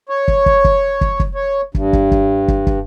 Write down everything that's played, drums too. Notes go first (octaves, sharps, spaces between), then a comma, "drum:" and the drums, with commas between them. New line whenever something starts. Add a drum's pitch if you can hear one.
C#5
drum: kick
drum: kick
drum: kick
drum: kick
drum: kick
C#5
G2, drum: kick
drum: kick
drum: kick
drum: kick
drum: kick